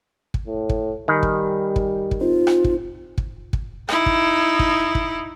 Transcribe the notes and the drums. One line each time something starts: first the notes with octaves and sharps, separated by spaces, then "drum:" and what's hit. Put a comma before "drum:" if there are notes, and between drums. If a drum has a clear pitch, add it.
drum: kick
A2
drum: kick
D#3 G3 G#5 B5
drum: kick
drum: kick
drum: kick
C4 D#4 F4 C5
drum: rim click
drum: kick
drum: kick
drum: kick
D#4 E4, drum: rim click
drum: kick
drum: kick
drum: kick